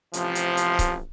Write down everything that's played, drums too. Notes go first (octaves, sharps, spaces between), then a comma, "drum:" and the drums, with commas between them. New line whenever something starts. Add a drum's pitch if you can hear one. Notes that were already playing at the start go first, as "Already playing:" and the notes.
A1 C3 F3, drum: hi-hat
drum: hi-hat
drum: hi-hat
drum: kick C#1, hi-hat